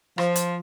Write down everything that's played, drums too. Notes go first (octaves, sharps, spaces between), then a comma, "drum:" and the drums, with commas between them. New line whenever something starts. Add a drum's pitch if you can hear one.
F3, drum: rim click
drum: hi-hat